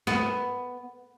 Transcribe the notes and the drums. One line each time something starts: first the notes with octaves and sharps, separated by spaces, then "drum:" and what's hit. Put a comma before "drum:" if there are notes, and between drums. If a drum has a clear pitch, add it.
B3, drum: snare